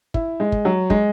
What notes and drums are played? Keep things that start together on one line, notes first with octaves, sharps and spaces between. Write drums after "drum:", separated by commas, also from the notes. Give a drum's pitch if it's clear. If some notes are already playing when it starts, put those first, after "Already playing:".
E4, drum: kick
G#3
drum: kick
F#3
G#3, drum: kick